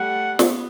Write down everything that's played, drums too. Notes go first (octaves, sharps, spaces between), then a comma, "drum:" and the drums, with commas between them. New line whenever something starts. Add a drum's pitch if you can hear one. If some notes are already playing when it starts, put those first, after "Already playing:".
Already playing: G3 A3 F#5
B3, drum: snare